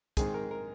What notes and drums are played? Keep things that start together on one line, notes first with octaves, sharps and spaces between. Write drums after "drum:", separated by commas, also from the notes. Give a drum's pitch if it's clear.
G#2 D#3 G#3 C4 G#4, drum: kick, hi-hat
A#4
A#4